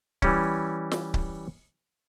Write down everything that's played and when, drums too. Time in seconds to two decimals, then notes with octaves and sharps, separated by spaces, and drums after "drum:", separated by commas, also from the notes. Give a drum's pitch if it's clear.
0.22 E3 G3 C#4, drum: kick C#1
0.91 drum: snare
1.14 drum: kick C#1